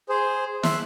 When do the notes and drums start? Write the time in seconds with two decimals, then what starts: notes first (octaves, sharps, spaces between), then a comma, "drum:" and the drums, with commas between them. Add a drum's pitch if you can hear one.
0.09 G#4 C5
0.63 E5 C6 F#6, drum: snare